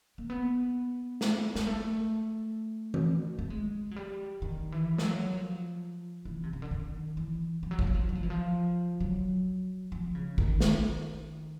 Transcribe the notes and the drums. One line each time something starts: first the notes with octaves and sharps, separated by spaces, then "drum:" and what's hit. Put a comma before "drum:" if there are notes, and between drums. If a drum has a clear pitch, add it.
A#3
B3
drum: snare
G#3, drum: snare
A3
drum: tom E3
A3
G#3
F#3
G3
D#3
E3
F3, drum: snare
F#3
F3
E3
C3
C#3
D3
D#3
E3
F3
F#3
F3, drum: kick G#1
F#3
F3
F#3
F3
E3
F3
F#3
F3
C#3
D#3, drum: kick G#1
D#3, drum: snare